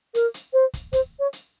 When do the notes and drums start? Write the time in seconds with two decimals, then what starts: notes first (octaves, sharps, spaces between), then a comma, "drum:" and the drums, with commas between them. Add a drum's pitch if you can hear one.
0.15 A#4, drum: hi-hat
0.34 drum: hi-hat
0.53 C5
0.74 drum: kick, hi-hat
0.93 C5, drum: kick, hi-hat
1.19 C#5
1.33 drum: hi-hat